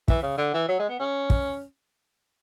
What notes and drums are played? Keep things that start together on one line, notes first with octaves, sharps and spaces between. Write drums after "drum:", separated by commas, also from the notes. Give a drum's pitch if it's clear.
E3, drum: kick
C#3
D3
E3
F#3
G#3
B3
C#4
drum: kick